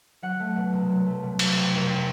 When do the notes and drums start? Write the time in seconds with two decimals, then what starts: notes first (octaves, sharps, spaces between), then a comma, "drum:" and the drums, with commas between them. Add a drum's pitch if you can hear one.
0.22 F#3 F#5
0.40 A3
0.56 B2
0.72 C2
0.90 F#3
1.06 A3
1.23 B2
1.39 C2, drum: cymbal
1.56 C3 G5
1.73 F1
1.90 G5